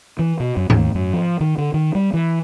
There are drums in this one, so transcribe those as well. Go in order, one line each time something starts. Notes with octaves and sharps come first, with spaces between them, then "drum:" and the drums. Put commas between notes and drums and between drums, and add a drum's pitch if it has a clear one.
E3
B2
F#2
D#2, drum: tom G#2
F#2
F3
D#3
D3
D#3
G3
E3